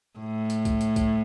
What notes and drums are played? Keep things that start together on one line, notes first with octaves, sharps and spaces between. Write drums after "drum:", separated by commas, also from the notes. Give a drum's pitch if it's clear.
A2
drum: hi-hat
drum: kick B1, hi-hat
drum: hi-hat
drum: kick B1, hi-hat